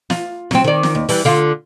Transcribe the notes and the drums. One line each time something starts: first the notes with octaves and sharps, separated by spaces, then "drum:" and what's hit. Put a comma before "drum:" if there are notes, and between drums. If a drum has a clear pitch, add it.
F4, drum: snare
F#3 C4, drum: snare
D#3 D5
drum: snare
D#2
E3 G3, drum: open hi-hat
D3 F4